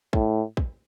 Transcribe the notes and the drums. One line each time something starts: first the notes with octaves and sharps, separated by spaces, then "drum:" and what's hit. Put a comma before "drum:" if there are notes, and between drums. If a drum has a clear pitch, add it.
A2, drum: kick
drum: kick